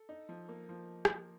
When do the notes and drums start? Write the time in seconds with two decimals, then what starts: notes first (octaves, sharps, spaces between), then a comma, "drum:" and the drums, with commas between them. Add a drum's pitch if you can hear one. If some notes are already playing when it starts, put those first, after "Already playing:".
Already playing: A4
0.09 D#4
0.29 F3
0.49 A#3
0.69 F3
1.05 drum: rim click